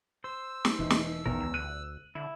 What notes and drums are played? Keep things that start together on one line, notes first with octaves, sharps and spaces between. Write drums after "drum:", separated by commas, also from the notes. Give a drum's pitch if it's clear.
C5 E6
drum: snare
E1 E3 D#4
drum: snare
A1 E2 D#3 A#4
C#2
D2 F#6 D#7
D3 E4